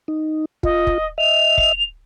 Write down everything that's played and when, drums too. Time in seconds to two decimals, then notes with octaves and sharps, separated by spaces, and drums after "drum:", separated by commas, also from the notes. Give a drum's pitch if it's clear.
0.08 D#4
0.63 F4 D#5, drum: kick
0.87 drum: kick
1.18 D#5 E5 F7
1.58 drum: kick